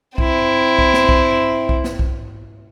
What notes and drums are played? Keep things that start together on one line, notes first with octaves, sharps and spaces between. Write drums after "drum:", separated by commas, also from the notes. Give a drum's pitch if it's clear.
C4 E4, drum: kick B1
drum: kick B1
drum: snare
drum: kick B1
drum: kick B1
drum: snare
drum: kick B1